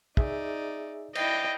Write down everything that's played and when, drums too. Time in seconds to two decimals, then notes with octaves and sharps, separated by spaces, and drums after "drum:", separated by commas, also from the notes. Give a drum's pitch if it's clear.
0.17 D#4 G#4 D5 E5, drum: kick
1.15 E4 D5 D#5 G5, drum: cymbal